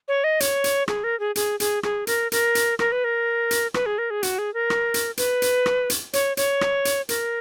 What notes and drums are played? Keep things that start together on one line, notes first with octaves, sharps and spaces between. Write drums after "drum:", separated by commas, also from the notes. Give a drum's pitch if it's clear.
C#5
D#5
C#5, drum: hi-hat
drum: hi-hat
G#4, drum: rim click
A#4
G#4
G#4, drum: hi-hat
G#4, drum: hi-hat
G#4, drum: rim click
A#4, drum: hi-hat
A#4, drum: hi-hat
drum: hi-hat
A#4, drum: rim click
B4
A#4
drum: hi-hat
B4, drum: rim click
G#4
A#4
G#4
F#4, drum: hi-hat
G#4
A#4
drum: rim click
drum: hi-hat
B4, drum: hi-hat
drum: hi-hat
drum: rim click
drum: hi-hat
C#5, drum: hi-hat
C#5, drum: hi-hat
drum: rim click
drum: hi-hat
A#4, drum: hi-hat